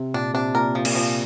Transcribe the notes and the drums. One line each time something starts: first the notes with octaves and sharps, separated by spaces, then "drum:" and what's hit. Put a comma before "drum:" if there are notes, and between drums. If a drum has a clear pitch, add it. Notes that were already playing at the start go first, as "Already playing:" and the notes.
Already playing: C3
A#2 D4
C3 D4
A#2 A#4
F3
A#2, drum: cymbal
F3